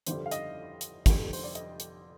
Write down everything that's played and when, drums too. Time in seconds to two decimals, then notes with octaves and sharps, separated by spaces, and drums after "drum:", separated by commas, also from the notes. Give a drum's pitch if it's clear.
0.07 G1 F2 D3 G3 C5, drum: hi-hat
0.26 F5
0.31 D#5, drum: hi-hat
0.81 drum: hi-hat
1.06 F1 F2 D3 G3, drum: kick, hi-hat
1.33 C5, drum: open hi-hat
1.44 D5
1.55 D#5, drum: hi-hat
1.80 drum: hi-hat